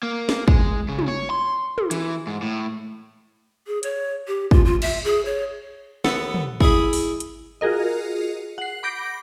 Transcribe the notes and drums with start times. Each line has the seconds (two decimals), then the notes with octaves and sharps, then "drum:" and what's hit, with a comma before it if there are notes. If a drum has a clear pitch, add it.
0.03 A#3
0.29 drum: snare
0.48 G#3, drum: kick
0.89 C#3
0.99 drum: tom
1.08 C#5
1.30 C6
1.78 drum: tom
1.91 E3, drum: hi-hat
2.27 G#2
2.42 A2
3.67 G#4
3.83 C#5, drum: hi-hat
4.27 G4
4.51 F4, drum: kick
4.65 F4
4.82 E5, drum: cymbal
5.04 G#4
5.25 C#5
6.05 D#2 B3 A4 E5 F#5, drum: snare
6.34 drum: tom
6.61 E4 G#4 D#5 B5, drum: kick
6.93 drum: open hi-hat
7.20 drum: hi-hat
7.61 F4 F#4 G#4 A#4 D#5
8.58 F#5 C7
8.83 B5 D6 G6 A#6 D7